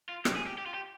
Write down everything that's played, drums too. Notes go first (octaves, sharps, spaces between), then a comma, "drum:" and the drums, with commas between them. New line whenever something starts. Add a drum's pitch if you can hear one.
F4
G4, drum: rim click
G#4
G4
G4
F4
G4